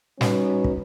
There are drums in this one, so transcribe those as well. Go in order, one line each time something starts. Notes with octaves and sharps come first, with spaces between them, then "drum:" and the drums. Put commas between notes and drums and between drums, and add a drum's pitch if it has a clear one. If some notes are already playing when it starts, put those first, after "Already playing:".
G3 C#4 D#4 F#4 B4, drum: snare
drum: kick